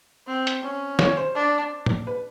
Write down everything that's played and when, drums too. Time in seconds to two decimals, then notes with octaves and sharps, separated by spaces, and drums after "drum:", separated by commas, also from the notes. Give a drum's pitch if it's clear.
0.27 C4
0.47 drum: hi-hat
0.63 C#4
0.99 C#5, drum: snare
1.17 C5
1.35 D4
1.86 drum: tom A2
2.07 B4